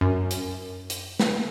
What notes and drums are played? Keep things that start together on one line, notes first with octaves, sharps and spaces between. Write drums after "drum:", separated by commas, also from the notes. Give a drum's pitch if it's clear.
F#2
drum: hi-hat
drum: hi-hat
drum: snare